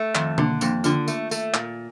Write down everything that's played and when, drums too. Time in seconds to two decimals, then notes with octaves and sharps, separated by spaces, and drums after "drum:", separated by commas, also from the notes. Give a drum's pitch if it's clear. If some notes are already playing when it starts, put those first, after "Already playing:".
Already playing: A3
0.15 F2 D#3, drum: clap
0.38 D3 A#3 D4, drum: tom B2
0.61 F2 A#3 D4, drum: tambourine
0.84 D3 D4 F4, drum: tambourine
1.08 A3, drum: tambourine
1.31 A3, drum: tambourine
1.54 A#2, drum: clap